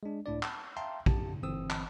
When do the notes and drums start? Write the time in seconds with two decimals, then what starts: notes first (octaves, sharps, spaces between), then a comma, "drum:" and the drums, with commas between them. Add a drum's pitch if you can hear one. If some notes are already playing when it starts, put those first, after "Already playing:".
0.03 G#3 D4
0.26 C#2 A2 D4 D5
0.43 A5, drum: clap
0.77 E5 F5 G5 A5 A#5 C6
1.06 F#2 G4 A5, drum: kick A#1
1.43 G1 E3 C4 D#6 E6
1.70 drum: clap